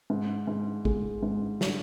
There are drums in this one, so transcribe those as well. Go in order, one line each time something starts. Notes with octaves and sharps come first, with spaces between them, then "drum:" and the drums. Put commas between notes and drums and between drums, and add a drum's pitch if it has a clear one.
G#2
G#2
G#3, drum: kick
G#2
D3, drum: snare